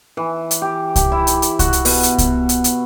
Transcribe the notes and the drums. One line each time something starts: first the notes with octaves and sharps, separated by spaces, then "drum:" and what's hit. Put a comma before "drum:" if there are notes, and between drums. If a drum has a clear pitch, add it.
E3
drum: hi-hat
G4
G4, drum: kick C2, hi-hat
E4
drum: hi-hat
drum: hi-hat
F#4, drum: kick C2, hi-hat
drum: hi-hat
B2, drum: open hi-hat
drum: hi-hat
drum: kick C2, hi-hat
drum: hi-hat
drum: hi-hat